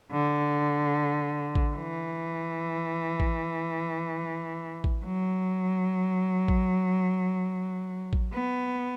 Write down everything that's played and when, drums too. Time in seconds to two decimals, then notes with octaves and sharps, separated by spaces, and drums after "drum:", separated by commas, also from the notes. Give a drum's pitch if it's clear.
0.12 D3
1.55 drum: kick A1
1.76 E3
3.20 drum: kick A1
4.84 drum: kick A1
5.05 F#3
6.48 drum: kick A1
8.13 drum: kick A1
8.33 B3